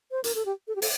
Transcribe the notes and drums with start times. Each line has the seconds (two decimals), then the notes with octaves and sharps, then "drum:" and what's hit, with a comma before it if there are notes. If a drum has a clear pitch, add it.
0.11 C5
0.24 A#4, drum: hi-hat
0.35 A4
0.46 G4
0.68 A4
0.76 G4
0.82 A4, drum: open hi-hat